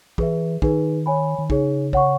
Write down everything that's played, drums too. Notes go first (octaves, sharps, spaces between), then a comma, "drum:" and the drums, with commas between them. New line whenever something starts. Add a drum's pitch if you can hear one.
E3 G#4 B4 E5, drum: kick
D#3 D#4 G#4 B4, drum: kick
C#5 G#5 B5
D#3
C#3 D#4 G#4 C#5, drum: kick
C#5 F#5 C#6, drum: kick